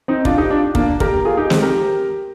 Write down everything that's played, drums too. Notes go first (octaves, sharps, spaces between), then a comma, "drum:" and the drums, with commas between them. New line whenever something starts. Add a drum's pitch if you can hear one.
C4 D#4
D4 F4, drum: kick
D#4 G4
D4 F4
A#3 D4, drum: kick
G4 A#4, drum: kick
F4 G#4
D#4 G4
G#3 C4, drum: snare
G4 A#4